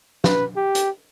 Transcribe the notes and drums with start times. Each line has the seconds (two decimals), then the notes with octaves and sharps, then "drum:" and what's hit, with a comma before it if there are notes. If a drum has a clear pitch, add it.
0.24 B4, drum: snare
0.57 G4
0.75 drum: hi-hat